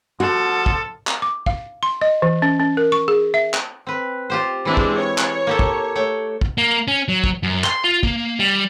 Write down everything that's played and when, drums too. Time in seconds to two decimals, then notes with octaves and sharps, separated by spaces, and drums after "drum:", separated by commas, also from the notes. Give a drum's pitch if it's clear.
0.20 F3 F#4 A4
0.66 drum: kick
1.07 drum: clap
1.22 D6
1.46 F5, drum: kick
1.83 C6
2.02 D#5
2.22 E3
2.42 C#4
2.60 C#4
2.77 A#4
2.92 C#6
3.08 G#4
3.34 E5
3.54 drum: clap
3.87 C4 B4
4.30 F4 G4 C5
4.65 E3 G#3 C4 D4 E4
4.77 drum: kick
4.97 C#5
5.18 drum: clap
5.47 A#3 G4 A4
5.59 drum: kick
5.96 A3 C#5 G5
6.41 drum: kick
6.58 A#3
6.88 C#4
7.08 F#3
7.24 drum: kick
7.43 F#2
7.64 C6, drum: clap
7.84 F4
8.03 A#3, drum: kick
8.39 G3